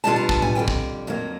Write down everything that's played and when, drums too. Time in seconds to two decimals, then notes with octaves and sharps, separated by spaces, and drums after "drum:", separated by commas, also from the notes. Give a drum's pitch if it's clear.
0.04 B2 G3 B3 D4 F4 A5
0.16 A#5
0.29 A5, drum: kick
0.42 G#5, drum: tom A2
0.55 F2 D3 G3 G5
0.68 drum: kick
1.07 F2 D3 F#3 A#3